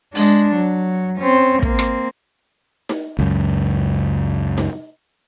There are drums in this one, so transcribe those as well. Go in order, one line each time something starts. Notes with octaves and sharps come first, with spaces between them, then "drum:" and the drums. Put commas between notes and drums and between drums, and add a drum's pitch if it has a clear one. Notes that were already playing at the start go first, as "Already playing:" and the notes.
G#3 D4, drum: open hi-hat
F#3
C4 C#4
A#3 C4, drum: kick
drum: rim click
drum: snare D#4
C#2 F#2
drum: snare D#4